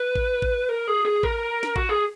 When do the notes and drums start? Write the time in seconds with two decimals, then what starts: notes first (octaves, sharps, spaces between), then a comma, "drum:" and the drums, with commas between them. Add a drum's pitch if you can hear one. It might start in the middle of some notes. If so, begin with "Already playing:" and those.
Already playing: B4
0.16 drum: kick A1
0.42 drum: kick A1
0.69 A#4
0.88 G#4
1.05 G#4
1.23 A#4, drum: kick A1
1.63 drum: snare
1.76 F#4, drum: kick A1
1.89 G#4